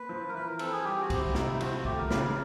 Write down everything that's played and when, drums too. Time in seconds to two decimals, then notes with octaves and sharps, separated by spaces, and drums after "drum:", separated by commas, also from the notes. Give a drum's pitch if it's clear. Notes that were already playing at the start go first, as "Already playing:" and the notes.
Already playing: A#3 B4
0.09 F3
0.29 A#4
0.34 E3 B4
0.47 A#4
0.59 C4 A4, drum: cymbal
0.72 G#4
0.84 G3 G4
1.01 F#4
1.10 C4, drum: kick, cymbal
1.18 E4
1.35 C3 D#4, drum: snare
1.48 E4
1.61 F3 F#4, drum: cymbal
1.73 F#4
1.85 A3 G4, drum: kick
1.99 A#4
2.11 C#3 B4, drum: snare
2.24 A#4